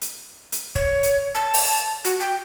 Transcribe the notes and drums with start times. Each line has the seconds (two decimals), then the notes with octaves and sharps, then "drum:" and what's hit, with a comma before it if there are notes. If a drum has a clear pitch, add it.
0.01 drum: hi-hat
0.52 drum: hi-hat
0.75 C#5, drum: kick
1.03 drum: hi-hat
1.35 A5
1.54 drum: open hi-hat
2.04 F#4, drum: hi-hat
2.20 G5